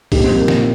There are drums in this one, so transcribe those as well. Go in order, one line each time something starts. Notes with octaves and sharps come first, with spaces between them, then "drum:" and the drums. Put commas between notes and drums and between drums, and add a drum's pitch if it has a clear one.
A#2 D#4 G4, drum: kick B1, open hi-hat
C4
F3
A#3
A#2, drum: snare